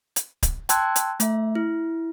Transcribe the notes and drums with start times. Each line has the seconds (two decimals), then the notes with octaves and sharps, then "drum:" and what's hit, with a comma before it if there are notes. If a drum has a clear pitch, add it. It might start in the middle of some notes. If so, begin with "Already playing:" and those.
0.16 drum: hi-hat
0.43 drum: kick D1, hi-hat
0.69 G5 A5 C6 E6 F#6 G#6, drum: hi-hat
0.96 drum: hi-hat
1.20 A3 E5, drum: hi-hat
1.55 E4